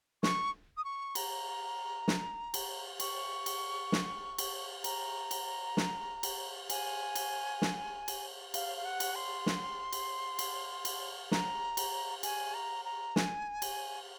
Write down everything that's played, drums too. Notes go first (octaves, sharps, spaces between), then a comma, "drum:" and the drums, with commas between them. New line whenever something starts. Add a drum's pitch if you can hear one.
C#6, drum: snare
D#6
C#6
A#5, drum: cymbal
drum: snare
drum: cymbal
C#6, drum: cymbal
drum: cymbal
drum: snare
drum: cymbal
A#5, drum: cymbal
drum: cymbal
drum: snare
drum: cymbal
G#5, drum: cymbal
drum: cymbal
drum: snare
drum: cymbal
F5, drum: cymbal
F5
F#5
drum: cymbal
C6
drum: snare
drum: cymbal
drum: cymbal
drum: cymbal
A#5, drum: snare
drum: cymbal
G#5, drum: cymbal
A#5
A#5
G#5, drum: snare
drum: cymbal